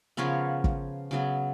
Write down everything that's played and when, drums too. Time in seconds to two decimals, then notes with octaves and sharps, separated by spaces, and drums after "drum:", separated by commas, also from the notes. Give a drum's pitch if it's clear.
0.17 C#3 F3 B3 A#4 C#5
0.64 drum: kick
1.11 C#3 F#3 B3